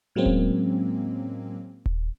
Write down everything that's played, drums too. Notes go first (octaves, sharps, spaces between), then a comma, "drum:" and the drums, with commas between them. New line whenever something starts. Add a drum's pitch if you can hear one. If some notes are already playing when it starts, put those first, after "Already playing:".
A2 F#3 G#3 A#3 C4 C#4
drum: kick D#1
drum: kick D#1